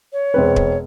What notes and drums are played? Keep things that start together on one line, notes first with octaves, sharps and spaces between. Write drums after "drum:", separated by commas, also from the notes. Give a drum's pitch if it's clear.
C#5
E1 C4 B4
drum: kick